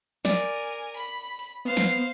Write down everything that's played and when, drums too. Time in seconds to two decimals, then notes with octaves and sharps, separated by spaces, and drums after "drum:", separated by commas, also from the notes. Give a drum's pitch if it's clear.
0.25 A#4 D5 G#5, drum: snare
0.63 drum: hi-hat
0.96 B5
1.39 drum: hi-hat
1.65 B3 C5 F5
1.77 drum: snare